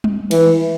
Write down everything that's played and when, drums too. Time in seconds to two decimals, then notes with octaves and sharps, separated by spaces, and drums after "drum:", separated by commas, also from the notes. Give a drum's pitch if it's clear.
0.04 drum: tom G3
0.31 E3, drum: cymbal